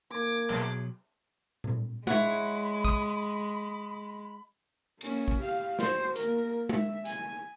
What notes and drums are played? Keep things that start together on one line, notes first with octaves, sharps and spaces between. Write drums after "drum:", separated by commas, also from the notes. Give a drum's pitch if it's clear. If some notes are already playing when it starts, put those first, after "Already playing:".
A#3 G#5 D6
B2 F#3 G#4, drum: clap
drum: tom A#2
G#3 E4 C#5 F#5 B5, drum: tom G#3
D#6, drum: kick
A#3 C#4, drum: cymbal
drum: kick
G4 F5
F#4 C5, drum: snare
A#3 A#4, drum: hi-hat
E5, drum: tom G#3
G#5, drum: hi-hat